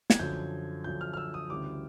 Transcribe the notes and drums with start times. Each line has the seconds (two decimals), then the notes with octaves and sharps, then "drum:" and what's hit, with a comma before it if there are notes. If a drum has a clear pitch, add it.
0.10 G#6, drum: snare
0.19 F#2 D3 F3 G6
0.84 F#2 D3 F3 G6
1.01 F6
1.13 F6
1.17 E6
1.34 D#6
1.50 D2 C#3 E3 G3 D6